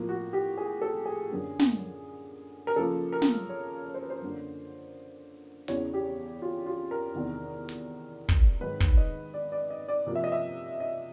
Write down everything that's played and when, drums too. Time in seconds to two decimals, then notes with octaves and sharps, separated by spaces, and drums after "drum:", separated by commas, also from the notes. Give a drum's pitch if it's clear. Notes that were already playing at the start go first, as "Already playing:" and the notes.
Already playing: A2 F3 A#3
0.09 F#4
0.33 G4
0.58 G#4
0.82 A4
1.06 G#4
1.30 F#2 D3 F#3 A#3
1.59 drum: snare
2.67 A#4
2.76 C#3 F3 A#3 A4
3.12 A#4
3.22 drum: snare
3.49 C#5
3.86 C#5
3.94 C5
4.03 B4
4.10 C5
4.22 F#2 D3 F#3 A#3
5.68 E2 C#3 E3 C#5, drum: hi-hat
5.94 G4
6.42 F4
6.66 F4
6.91 A#4
7.14 E2 C3 D#3
7.69 drum: hi-hat
8.29 drum: kick
8.61 G#2 D#3 F#3 B4
8.80 drum: kick
8.97 D#5
9.34 D5
9.52 D5
9.70 D#5
9.89 D5
10.06 C3 F3 A#3
10.15 E5
10.24 D#5
10.32 E5
10.80 D#5